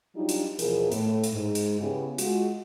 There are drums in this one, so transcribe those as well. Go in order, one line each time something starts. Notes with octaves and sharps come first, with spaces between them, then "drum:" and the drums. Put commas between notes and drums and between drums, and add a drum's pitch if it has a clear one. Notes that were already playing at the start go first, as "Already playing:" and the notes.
F#3 G3 D4 D#4 F4 G4
drum: hi-hat
E2 B2 F3 E4 G#4 A#4, drum: hi-hat
A2, drum: hi-hat
drum: hi-hat
G#2
drum: hi-hat
C#3 B3 E4 G4 G#4
G#3 F4 F#4, drum: hi-hat